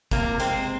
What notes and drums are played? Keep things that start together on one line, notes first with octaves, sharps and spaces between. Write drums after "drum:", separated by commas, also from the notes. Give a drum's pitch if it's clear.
C3 A#3, drum: kick G#1, hi-hat
G#3 C4, drum: hi-hat